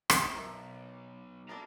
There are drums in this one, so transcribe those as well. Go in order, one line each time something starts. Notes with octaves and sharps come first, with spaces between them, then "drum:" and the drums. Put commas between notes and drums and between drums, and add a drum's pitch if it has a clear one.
C5 D#5, drum: rim click
B1 A#4 E5
B3 D4 A4 F5 A#5